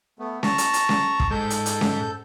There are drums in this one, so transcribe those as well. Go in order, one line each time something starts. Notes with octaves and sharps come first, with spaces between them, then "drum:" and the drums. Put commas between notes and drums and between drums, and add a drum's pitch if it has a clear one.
A3 B3
A5 A#5 C#6, drum: snare C#4
drum: hi-hat
drum: hi-hat
drum: snare C#4
drum: kick
G#2 D#4 A4 G6
drum: hi-hat
drum: hi-hat
drum: snare C#4